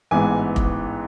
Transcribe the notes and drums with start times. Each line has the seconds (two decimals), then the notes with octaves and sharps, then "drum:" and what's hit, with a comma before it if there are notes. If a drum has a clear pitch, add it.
0.11 A1 G#2 E3 G#3 B3 G#5
0.56 drum: kick F1